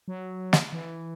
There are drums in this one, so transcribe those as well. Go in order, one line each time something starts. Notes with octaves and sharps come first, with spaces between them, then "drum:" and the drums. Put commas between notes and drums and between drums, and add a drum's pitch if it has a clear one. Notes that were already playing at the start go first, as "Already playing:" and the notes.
F#3
drum: snare
E3